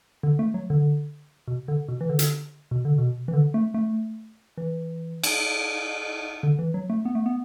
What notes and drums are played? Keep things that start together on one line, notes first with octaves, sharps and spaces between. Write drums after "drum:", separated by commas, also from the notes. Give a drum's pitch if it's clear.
D3
A3
F#3
D3
B2
D3
B2
E3
D3
drum: hi-hat
B2
D3
B2
E3
D3
A3
A3
E3
drum: cymbal
D3
E3
F#3
A3
B3
A3
B3